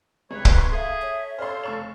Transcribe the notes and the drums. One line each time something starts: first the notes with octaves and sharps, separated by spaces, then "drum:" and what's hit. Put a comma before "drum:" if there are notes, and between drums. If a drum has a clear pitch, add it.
C2 G3 G#3 B4 C#5
drum: kick
C6 C#6 G#6
G#4 A4 E5 F5
C#5
A4 C5 D5 F5 C6
F1 C#6 E7